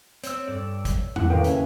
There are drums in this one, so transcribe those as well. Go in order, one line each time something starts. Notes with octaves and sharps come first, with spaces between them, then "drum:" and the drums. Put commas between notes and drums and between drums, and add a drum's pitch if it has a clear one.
C4 C#5 E6, drum: hi-hat
G2 A4 D5
drum: kick, hi-hat
E3 E4 F#5, drum: tom E2
D#2 A2 A#3 D#4 B4 F5 G5
C#3 C#5 E5 G#5, drum: hi-hat